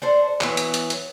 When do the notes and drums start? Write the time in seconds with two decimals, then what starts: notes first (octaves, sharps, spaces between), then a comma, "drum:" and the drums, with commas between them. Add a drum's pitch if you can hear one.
0.02 D4 A4 C5
0.41 E3 F#3 B3, drum: clap
0.57 drum: hi-hat
0.74 drum: hi-hat
0.90 drum: hi-hat